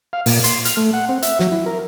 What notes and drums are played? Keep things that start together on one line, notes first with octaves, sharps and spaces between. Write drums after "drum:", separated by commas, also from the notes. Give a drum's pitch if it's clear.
F5
A#2, drum: open hi-hat
C6, drum: hi-hat
F6, drum: hi-hat
A3
F#5
C4
E5, drum: hi-hat
F#3, drum: snare
E4
A#4